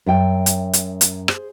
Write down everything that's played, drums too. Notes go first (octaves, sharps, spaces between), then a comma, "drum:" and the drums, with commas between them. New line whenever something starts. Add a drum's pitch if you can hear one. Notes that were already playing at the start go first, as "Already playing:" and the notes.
F#2 E5 G5
drum: hi-hat
drum: hi-hat
drum: hi-hat
G#4 C5, drum: rim click